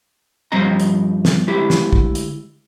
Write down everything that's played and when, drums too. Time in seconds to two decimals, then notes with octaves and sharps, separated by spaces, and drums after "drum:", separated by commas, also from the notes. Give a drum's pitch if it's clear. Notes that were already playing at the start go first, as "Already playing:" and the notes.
0.52 G2 F3 G3 C4 D#5 A#5
0.80 drum: hi-hat
1.25 drum: snare
1.47 D2 G#3 E4 G4
1.70 drum: snare
1.93 drum: kick
2.15 drum: hi-hat